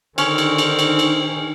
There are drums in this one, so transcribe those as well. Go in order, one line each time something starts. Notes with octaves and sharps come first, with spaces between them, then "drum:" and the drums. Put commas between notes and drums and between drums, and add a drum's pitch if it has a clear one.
D3 D#3 C4 C#4, drum: cymbal
drum: cymbal
drum: cymbal
drum: cymbal
drum: cymbal